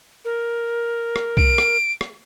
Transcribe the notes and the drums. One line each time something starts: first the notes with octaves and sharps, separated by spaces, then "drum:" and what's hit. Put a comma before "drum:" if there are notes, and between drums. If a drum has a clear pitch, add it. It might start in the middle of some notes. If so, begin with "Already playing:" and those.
A#4
drum: rim click
D7, drum: kick C2
drum: rim click
drum: rim click